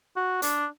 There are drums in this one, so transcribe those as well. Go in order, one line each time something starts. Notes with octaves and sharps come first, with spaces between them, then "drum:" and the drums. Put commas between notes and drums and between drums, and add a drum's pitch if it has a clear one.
F#4
D4, drum: hi-hat